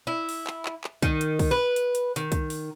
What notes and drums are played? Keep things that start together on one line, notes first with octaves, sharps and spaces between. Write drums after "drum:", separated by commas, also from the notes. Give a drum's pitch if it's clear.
E4
drum: open hi-hat
drum: clap
drum: clap
drum: clap
D#3, drum: kick, hi-hat
drum: hi-hat
drum: kick, open hi-hat
B4
drum: hi-hat
drum: hi-hat
D#3, drum: hi-hat
drum: kick, hi-hat
drum: open hi-hat